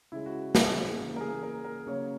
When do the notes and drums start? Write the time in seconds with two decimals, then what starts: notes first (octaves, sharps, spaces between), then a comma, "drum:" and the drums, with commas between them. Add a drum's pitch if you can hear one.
0.12 C#3 G#3 E4
0.26 F#4
0.55 G#4, drum: snare
0.99 C#3 E3 A#3
1.16 A#4
1.21 G#4
1.42 A#4
1.64 A#4
1.87 C#3 F#3 A#3 C#5